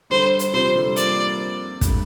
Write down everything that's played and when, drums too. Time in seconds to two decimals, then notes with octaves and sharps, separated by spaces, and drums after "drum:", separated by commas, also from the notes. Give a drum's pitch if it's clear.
0.10 D3 G3 C5
0.39 drum: hi-hat
0.53 C3 F3 C5
0.75 D3 G3
0.96 F3 A#3 D5, drum: hi-hat
1.81 D3 G3, drum: kick, hi-hat